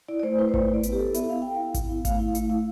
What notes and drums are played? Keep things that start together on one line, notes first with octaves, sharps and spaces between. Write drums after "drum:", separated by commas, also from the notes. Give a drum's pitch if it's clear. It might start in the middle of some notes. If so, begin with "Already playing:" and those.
E4 D5
D5
A3 C5
E4 B4
C5
A3 B4, drum: kick G#1
E4
D5
B3 B4, drum: hi-hat
G4
E4 A4
B3 E5, drum: hi-hat
E4 F5
B3 G5
E4 F5
B3, drum: kick G#1, hi-hat
E4
A3 F5, drum: kick G#1, hi-hat
E4
A3, drum: hi-hat
E4